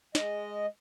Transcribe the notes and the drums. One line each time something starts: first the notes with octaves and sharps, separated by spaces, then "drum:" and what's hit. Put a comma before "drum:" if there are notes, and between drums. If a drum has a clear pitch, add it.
G#3 D#5, drum: snare